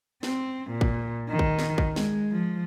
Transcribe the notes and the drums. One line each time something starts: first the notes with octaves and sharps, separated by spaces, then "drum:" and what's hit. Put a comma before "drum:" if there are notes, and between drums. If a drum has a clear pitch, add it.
C4, drum: snare
A#2
drum: kick
D#3
drum: kick
drum: snare
drum: kick
G#3, drum: snare
F3